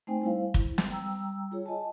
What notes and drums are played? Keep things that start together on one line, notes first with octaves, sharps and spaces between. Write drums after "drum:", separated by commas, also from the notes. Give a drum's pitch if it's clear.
A3 C4 D#4 C5 G5 G#5
G3 E4 C5 F5
E4
drum: kick
drum: snare
G3 G5 A#5 E6
F4 G#4 C#5
D#5 G#5 A5